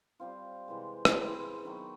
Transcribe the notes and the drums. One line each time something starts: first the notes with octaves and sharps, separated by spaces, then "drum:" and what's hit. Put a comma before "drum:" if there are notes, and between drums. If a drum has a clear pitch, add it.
G3 C4 F4
C3 E3 G#3
drum: rim click
G#3 C4 E4
D#3 F#3 B3